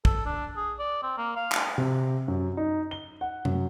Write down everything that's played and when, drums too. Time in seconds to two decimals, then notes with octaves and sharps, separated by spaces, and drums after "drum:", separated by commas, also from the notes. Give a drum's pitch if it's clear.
0.05 A4, drum: kick
0.26 D4
0.56 G#4
0.79 D5
1.03 C4
1.18 A#3
1.36 F5
1.52 drum: clap
1.78 C3
2.28 F#2
2.57 D#4
2.91 G7
3.21 F#5
3.45 F#2, drum: tom C3